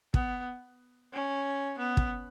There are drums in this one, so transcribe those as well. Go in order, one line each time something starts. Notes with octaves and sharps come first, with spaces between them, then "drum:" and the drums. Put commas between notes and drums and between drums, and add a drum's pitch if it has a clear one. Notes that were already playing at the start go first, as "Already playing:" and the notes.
B3, drum: kick
C#4
B3
drum: kick